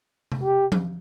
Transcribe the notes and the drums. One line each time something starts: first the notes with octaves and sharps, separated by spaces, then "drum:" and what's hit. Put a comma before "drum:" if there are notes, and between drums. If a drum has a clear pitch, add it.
drum: tom C3
G4
drum: tom F3